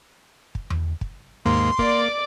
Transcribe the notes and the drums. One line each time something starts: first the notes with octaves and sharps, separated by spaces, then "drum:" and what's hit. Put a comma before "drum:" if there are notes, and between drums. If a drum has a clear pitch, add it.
drum: kick
drum: tom E2
drum: kick
D#2 G#2 A#3 C6
A#3 D5 D6, drum: kick